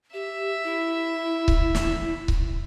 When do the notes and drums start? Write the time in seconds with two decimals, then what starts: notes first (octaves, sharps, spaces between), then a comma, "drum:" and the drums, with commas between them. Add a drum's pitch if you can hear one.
0.14 G4 E5
0.64 E4
1.48 drum: kick C#1
1.75 drum: snare
2.28 drum: kick C#1